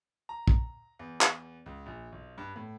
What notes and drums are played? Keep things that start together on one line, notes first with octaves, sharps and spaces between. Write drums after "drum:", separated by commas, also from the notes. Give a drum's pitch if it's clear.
A#5
drum: kick
E2
drum: clap
C#2
A#1
B1
G2
A2